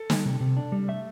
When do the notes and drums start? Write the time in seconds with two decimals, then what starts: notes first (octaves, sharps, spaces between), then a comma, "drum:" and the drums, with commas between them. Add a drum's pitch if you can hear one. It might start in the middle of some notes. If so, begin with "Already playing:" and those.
Already playing: A4
0.10 G3, drum: snare
0.25 C3
0.40 C3
0.57 D4
0.72 G3
0.88 A3 E5